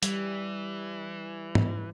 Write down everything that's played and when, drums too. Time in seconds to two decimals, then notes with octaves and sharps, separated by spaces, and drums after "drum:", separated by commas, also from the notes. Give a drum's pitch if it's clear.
0.03 E3 G3, drum: hi-hat
1.55 drum: tom G#2